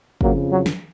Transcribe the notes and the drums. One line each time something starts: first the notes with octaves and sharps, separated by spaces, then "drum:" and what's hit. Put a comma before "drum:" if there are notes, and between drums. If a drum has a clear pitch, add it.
F2 C#3 F3 F#3 A#3, drum: kick
F#3
drum: snare